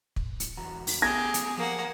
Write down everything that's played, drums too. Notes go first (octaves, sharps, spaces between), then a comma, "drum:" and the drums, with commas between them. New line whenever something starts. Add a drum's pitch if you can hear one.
drum: kick
drum: hi-hat
E2 F#4 A#5
drum: open hi-hat
A3 B3 G4 G#4 G#6 A#6
drum: hi-hat
F3 A#3 F#5